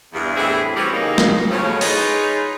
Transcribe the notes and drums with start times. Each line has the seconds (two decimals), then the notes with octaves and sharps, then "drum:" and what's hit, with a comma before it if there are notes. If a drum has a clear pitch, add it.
0.13 E2 G2
0.36 A2 E3 C4 D4 E4 G#4
0.76 E3 G3 C4 C#4 F#4 G4
0.93 C#3 E3 G3 A#3 D#4
1.18 drum: snare
1.50 A2 C#3 F3 F#3 C#4
1.81 D#4 F4 G#4 B4 C#5 D#5, drum: open hi-hat